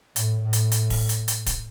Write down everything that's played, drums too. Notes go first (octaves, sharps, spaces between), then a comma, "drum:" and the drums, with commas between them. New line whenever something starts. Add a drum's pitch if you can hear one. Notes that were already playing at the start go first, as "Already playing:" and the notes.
A2, drum: hi-hat
A2
drum: hi-hat
drum: hi-hat
drum: kick D1, open hi-hat
drum: hi-hat
drum: hi-hat
drum: kick D1, hi-hat